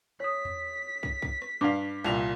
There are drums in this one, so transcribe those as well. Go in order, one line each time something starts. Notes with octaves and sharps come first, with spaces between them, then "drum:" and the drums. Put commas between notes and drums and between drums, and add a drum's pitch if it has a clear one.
C#5 D#6 B6
drum: tom E2
drum: kick
drum: kick
drum: rim click
G2 F5 D6
C2 A#2 A5 F7